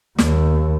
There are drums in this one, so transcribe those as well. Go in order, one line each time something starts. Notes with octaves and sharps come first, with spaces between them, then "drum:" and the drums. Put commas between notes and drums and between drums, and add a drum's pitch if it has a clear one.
D#2, drum: snare